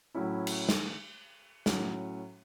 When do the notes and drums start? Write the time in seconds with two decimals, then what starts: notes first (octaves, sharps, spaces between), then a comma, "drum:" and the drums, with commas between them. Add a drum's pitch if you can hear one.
0.15 A2 F#3 C#4 E4
0.47 drum: cymbal
0.69 drum: snare
1.66 A2 F#3 C#4, drum: snare